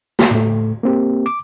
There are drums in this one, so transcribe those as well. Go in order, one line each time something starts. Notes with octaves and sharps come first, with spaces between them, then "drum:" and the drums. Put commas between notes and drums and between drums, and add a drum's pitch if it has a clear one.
drum: snare
A2 A3
A#3 C4 G4
D6